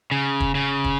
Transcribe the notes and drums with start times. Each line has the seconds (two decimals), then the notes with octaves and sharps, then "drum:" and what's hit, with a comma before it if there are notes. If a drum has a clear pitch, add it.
0.11 C#3
0.40 drum: kick
0.55 C#3
0.84 drum: kick